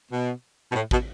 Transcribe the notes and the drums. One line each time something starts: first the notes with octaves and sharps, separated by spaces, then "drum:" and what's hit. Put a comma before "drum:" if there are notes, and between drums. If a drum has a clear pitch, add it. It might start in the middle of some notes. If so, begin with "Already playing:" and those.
B2
B2
A2
B2, drum: kick